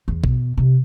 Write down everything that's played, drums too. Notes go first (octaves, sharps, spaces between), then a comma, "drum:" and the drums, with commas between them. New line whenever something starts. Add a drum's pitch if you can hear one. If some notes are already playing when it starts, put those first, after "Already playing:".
E2
B2, drum: kick A#1
C3